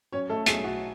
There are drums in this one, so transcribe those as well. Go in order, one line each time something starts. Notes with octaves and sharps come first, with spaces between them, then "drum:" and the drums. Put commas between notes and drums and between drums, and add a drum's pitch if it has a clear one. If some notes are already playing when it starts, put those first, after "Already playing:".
F#3 C#4 C#5
A3 A4
B1 G#4, drum: hi-hat
F#4